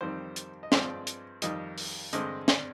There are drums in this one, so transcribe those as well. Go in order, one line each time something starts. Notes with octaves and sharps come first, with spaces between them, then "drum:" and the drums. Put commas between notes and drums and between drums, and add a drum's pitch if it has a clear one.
F2 D#3 G3 C4 C5
drum: hi-hat
D#5
G2 F3 G#3 C4 D5, drum: snare
drum: hi-hat
F2 D#3 G3 D#5, drum: hi-hat
drum: open hi-hat
G2 D3 G#3 C4 D#5, drum: hi-hat
D5, drum: snare